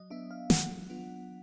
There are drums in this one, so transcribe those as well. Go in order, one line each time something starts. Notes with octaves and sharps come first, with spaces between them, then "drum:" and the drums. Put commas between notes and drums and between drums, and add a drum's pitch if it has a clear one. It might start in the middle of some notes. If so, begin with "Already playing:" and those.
Already playing: F#3 D#5
B3 D4 E5
F5
F#3 F#5, drum: snare
B3 D4 F4